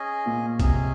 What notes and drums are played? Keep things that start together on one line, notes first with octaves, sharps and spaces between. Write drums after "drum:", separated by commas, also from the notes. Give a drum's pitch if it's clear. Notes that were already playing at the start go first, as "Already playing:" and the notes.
Already playing: C#4 G#4 D#5 G#5
A#2
C3 C#4 G#4 D#5 G#5, drum: kick B1, hi-hat